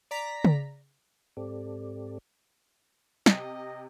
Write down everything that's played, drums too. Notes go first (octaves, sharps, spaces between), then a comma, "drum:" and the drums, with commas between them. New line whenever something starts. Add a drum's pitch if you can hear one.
D5 A#5 B6
drum: tom C#3
G#2 C4 G4 A4 D5
C3 D#5, drum: snare